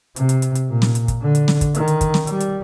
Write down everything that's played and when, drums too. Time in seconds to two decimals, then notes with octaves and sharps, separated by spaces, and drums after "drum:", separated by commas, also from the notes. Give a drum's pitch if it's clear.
0.16 C3, drum: hi-hat
0.29 drum: hi-hat
0.42 drum: hi-hat
0.55 drum: hi-hat
0.68 A#2
0.82 drum: snare
0.95 drum: hi-hat
1.08 drum: kick, hi-hat
1.22 D3
1.35 drum: hi-hat
1.48 drum: snare
1.61 drum: kick, hi-hat
1.75 D#3, drum: hi-hat
1.88 drum: hi-hat
2.01 drum: kick, hi-hat
2.14 drum: snare
2.27 G3, drum: hi-hat
2.40 drum: hi-hat